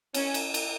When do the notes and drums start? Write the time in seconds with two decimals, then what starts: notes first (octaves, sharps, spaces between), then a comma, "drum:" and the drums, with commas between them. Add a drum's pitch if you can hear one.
0.14 C#4, drum: cymbal
0.34 drum: cymbal
0.54 drum: cymbal